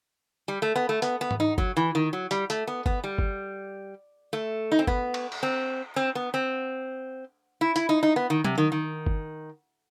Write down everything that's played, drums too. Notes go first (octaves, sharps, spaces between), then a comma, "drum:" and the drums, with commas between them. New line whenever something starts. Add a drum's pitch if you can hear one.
G3
A3
B3
A3
B3, drum: hi-hat
B3
drum: tom G#2
D#4
F#3, drum: kick G1
E3
D#3
F#3
G3, drum: hi-hat
A3, drum: hi-hat
B3
B3, drum: kick G1
G3
drum: kick G1
A3
D#4
C4
B3, drum: kick G1
drum: cymbal
drum: cymbal
C4
C4
B3
C4
E4
E4, drum: hi-hat
D#4
D#4
B3
D#3
C3, drum: tom F#3
D#3
D#3
drum: kick G1